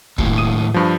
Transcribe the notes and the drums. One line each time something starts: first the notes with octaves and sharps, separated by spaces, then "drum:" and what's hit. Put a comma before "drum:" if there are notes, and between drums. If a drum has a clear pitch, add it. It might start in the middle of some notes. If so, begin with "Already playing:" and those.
D#2 A2, drum: kick
D#6 D#7
G2 F3